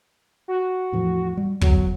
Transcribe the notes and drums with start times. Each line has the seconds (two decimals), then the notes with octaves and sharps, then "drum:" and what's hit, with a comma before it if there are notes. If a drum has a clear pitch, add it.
0.48 F#4
0.92 E2 A2 F3
1.37 G3
1.61 E2 D3 F#3, drum: kick